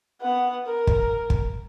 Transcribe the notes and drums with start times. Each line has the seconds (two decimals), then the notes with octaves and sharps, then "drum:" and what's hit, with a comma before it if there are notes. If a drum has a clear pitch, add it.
0.22 B3 F#5
0.66 A#4
0.87 drum: kick
1.30 drum: kick